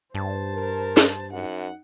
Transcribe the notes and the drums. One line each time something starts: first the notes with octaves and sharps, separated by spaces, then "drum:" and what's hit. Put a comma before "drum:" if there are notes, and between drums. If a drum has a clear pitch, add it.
G2 C5 A5
A#4
drum: snare
F#2 D#4 F#5